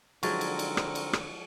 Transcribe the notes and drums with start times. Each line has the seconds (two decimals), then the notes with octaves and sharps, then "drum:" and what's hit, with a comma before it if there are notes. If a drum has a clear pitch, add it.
0.23 D3 F3 F#3 G#3 C4 A#4 C#6 A6, drum: cymbal
0.41 drum: cymbal
0.59 drum: cymbal
0.77 drum: rim click
0.95 drum: cymbal
1.13 drum: rim click